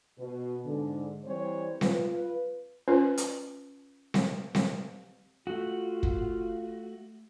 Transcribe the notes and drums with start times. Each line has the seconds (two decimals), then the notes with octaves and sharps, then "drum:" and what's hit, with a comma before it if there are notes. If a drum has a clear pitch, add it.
0.18 B2
0.65 G#2 D3
1.25 E3 G3 C4 C5 C#5
1.81 F4 B4, drum: snare C4
2.88 C#4 F4 B4 C5
3.17 drum: hi-hat
4.14 drum: snare C4
4.55 drum: snare C4
5.47 A3 F4 F#4
6.03 drum: kick